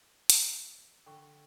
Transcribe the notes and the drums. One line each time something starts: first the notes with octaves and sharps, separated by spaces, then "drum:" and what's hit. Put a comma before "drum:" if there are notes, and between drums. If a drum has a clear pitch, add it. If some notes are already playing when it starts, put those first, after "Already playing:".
drum: hi-hat
D3 G5 C#6